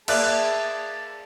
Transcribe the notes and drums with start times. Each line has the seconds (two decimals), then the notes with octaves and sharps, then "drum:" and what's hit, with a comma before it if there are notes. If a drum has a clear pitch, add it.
0.08 A#3 G#4 D5 E5 A5 F#6, drum: cymbal